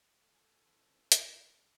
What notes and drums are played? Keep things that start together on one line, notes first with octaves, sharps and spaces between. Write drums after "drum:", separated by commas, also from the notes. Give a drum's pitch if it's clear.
F4 A4 G#5
E3 C4 C#4 C5
drum: hi-hat